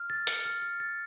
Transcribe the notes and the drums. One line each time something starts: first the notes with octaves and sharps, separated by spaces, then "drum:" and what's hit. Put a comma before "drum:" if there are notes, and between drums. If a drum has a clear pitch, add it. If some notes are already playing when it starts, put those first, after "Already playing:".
Already playing: F6
A6
C#7, drum: hi-hat
F6
F6
A6